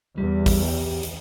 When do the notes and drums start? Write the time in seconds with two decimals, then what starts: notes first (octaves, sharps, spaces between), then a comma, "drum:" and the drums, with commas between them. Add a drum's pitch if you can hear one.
0.18 E2 G3
0.46 drum: kick, open hi-hat
0.68 G4
1.03 drum: hi-hat